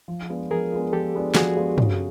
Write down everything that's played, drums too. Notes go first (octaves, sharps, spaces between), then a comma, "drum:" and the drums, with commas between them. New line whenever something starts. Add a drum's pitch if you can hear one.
F3
G#3 B3 D4 F4
F3 G#4 A#4
G#3 B3 D4 F4
F3 G4 A4
G#3 B3 D4 F4
F3 F#4 G#4, drum: snare
G#3 B3 D4 F4
C#3, drum: tom